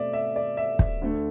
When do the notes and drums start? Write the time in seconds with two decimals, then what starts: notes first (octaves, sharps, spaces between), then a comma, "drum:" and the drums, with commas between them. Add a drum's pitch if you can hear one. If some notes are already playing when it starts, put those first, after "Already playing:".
Already playing: B2 A3 C4 D5 E5
0.13 E5
0.36 D5
0.57 E5
0.79 drum: kick
1.02 D2 D3 A3